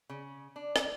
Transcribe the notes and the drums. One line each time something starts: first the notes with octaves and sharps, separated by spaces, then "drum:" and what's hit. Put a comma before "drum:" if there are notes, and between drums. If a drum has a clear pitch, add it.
C#3
D4
drum: rim click